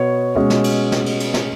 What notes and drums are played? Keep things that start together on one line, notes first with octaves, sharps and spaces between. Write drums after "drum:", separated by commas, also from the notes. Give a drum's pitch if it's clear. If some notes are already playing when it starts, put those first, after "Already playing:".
Already playing: B2 B3 C#5
B2 G#3 C#4
drum: snare
drum: cymbal
drum: snare
drum: cymbal
drum: cymbal
drum: snare